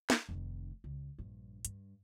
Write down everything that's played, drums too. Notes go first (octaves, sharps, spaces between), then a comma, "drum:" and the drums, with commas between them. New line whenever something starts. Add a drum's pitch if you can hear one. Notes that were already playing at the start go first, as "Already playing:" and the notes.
drum: snare
F1 D#3
C#2
A#1 G2
G2, drum: hi-hat